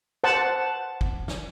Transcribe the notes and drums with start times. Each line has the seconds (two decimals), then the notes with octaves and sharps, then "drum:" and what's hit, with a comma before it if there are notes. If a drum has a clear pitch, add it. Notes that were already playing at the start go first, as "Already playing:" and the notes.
0.24 C5 F#5 A5
1.01 drum: kick
1.28 drum: snare